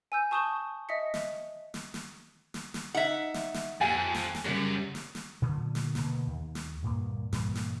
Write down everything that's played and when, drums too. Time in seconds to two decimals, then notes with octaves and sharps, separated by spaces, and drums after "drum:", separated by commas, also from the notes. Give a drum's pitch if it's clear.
0.12 G#5 E6 G6
0.31 A5 C#6 D#6 G6 E7 G7
0.89 D#5 E5 D#6 B6 C#7
1.14 drum: snare
1.74 drum: snare
1.94 drum: snare
2.54 drum: snare
2.74 drum: snare
2.94 D#4 E5 F#5
3.34 drum: snare
3.54 drum: snare
3.81 F2 G#5
4.14 drum: snare
4.35 drum: snare
4.45 F#2 C#3 G3
4.95 drum: snare
5.15 drum: snare
5.42 A#2 D3 F#3 A3
5.75 drum: snare
5.95 B2 D3 A#3, drum: snare
6.27 D#2
6.55 drum: snare
6.83 D2 G2 A#2 A#3
7.33 G2 A#2 E3 G3, drum: snare
7.55 drum: snare